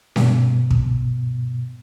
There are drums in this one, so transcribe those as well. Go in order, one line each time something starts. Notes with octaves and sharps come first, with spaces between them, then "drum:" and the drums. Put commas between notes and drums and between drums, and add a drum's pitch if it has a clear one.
G2 B2, drum: snare C#4
drum: kick